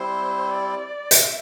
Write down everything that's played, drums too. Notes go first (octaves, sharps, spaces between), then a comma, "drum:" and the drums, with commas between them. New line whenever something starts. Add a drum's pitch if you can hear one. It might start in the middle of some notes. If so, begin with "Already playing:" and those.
Already playing: G3 C4 E4 C5
D5
E5, drum: hi-hat